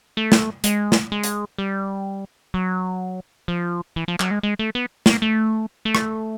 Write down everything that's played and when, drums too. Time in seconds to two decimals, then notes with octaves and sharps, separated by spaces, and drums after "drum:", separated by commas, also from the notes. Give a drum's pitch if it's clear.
0.17 A3
0.32 drum: snare
0.64 G#3, drum: hi-hat
0.92 drum: snare
1.12 G#3
1.23 drum: hi-hat
1.58 G3
2.54 F#3
3.48 F3
3.96 E3
4.08 F3
4.20 F#3, drum: clap
4.31 G#3
4.43 G#3
4.59 A3
4.75 B3
5.06 A#3, drum: snare
5.22 A3
5.85 A3
5.95 drum: rim click